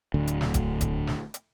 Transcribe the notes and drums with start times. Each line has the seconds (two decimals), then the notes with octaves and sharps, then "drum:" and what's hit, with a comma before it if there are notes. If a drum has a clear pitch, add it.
0.14 D1 D2 D3
0.27 drum: hi-hat
0.41 drum: snare
0.54 drum: kick D#1, hi-hat
0.81 drum: kick D#1, hi-hat
1.07 drum: snare
1.34 drum: hi-hat